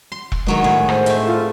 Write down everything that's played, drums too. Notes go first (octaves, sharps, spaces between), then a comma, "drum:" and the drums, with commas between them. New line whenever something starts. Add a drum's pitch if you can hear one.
C6
drum: kick E1
D#3 F#3 G#3 B3 D4
A2 D#3 G#4
C5, drum: rim click
A3 C4 E5, drum: hi-hat
F4 G#4 A4